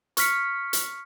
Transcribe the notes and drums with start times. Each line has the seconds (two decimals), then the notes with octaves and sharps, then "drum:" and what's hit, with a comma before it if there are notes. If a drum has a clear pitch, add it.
0.17 C#6 F6 B6 C#7, drum: hi-hat
0.73 drum: hi-hat